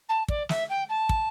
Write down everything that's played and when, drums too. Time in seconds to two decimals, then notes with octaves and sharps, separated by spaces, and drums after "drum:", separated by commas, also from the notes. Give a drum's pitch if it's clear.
0.09 A5
0.28 D5, drum: kick
0.49 E5, drum: snare
0.69 G5
0.89 A5
1.09 drum: kick